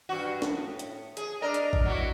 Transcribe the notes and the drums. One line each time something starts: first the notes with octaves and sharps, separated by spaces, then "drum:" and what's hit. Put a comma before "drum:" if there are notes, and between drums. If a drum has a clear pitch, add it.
G2 F#4
drum: snare
A2
drum: hi-hat
G#4, drum: hi-hat
D4 A#4 D#5
drum: hi-hat
drum: kick A1
F#3 E4 F#4